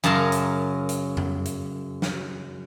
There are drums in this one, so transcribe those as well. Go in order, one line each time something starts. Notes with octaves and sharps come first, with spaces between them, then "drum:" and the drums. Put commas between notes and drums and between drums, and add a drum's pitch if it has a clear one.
F#2 C#3 A#4 A5 A#5 C6
drum: hi-hat
drum: hi-hat
drum: tom F2
drum: hi-hat
drum: snare